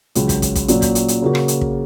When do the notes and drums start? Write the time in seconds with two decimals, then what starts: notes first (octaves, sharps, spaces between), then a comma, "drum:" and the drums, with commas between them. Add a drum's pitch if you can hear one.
0.15 C#2 C#3 F#3, drum: hi-hat
0.29 drum: kick, hi-hat
0.42 drum: kick, hi-hat
0.55 drum: kick, hi-hat
0.68 A#2 F#3 C#4, drum: hi-hat
0.82 drum: kick, hi-hat
0.95 drum: hi-hat
1.08 drum: hi-hat
1.22 C#3 A#3 F#4
1.35 drum: rim click
1.48 drum: hi-hat
1.61 drum: kick